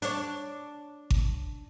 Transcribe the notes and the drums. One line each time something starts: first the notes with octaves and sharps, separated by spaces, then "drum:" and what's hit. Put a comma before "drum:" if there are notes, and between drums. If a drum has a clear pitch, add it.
D4 C#5, drum: hi-hat
drum: kick G#1